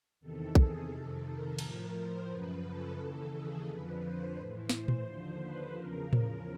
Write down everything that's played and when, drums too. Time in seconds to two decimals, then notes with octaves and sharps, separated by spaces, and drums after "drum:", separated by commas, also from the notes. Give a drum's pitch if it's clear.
0.21 E2 C3 D#3 A4
0.55 G#4, drum: kick B1
0.90 F2 C3 D#3 A4
1.24 A#4
1.59 A2 F3, drum: cymbal
1.94 C5
2.28 F#2 C#3 F3 B4
2.63 A4
2.97 D#2 C#3 E3
3.32 G#4
3.66 F2 D3 F3 B4
4.01 C5
4.35 A2 E3
4.69 C5, drum: snare
4.88 drum: tom A#2
5.04 D#2 D3 F3
5.39 B4
5.73 E2 C#3 F3 A#4
6.13 drum: tom A2